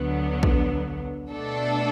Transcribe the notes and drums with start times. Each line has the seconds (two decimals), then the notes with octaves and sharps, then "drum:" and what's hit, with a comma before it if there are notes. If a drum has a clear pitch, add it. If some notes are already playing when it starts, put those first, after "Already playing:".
Already playing: D2 D3 F#3 B3
0.43 drum: kick A#1
1.31 B2 A3 D4 A4